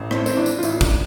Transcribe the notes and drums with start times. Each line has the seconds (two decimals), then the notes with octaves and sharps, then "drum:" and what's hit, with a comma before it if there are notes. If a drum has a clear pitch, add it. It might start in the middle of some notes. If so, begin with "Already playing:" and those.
Already playing: A1
0.11 A2 C4, drum: rim click
0.26 C4, drum: tambourine
0.37 E3 D4
0.46 drum: tambourine
0.58 F4
0.63 A1 E4, drum: tambourine
0.81 D4, drum: kick, tambourine